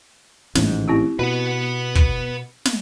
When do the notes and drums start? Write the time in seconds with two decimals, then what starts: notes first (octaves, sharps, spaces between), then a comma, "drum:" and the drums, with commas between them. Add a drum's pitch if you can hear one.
0.55 A1 G#2, drum: snare
0.88 C4 E4 G4
1.19 B2 B4 F#5
1.95 drum: kick
2.65 drum: snare